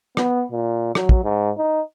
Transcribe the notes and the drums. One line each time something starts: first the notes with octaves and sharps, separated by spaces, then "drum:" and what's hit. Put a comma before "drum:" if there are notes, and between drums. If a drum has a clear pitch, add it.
B3, drum: rim click
A#2
F#3, drum: rim click
drum: kick
G#2
D#4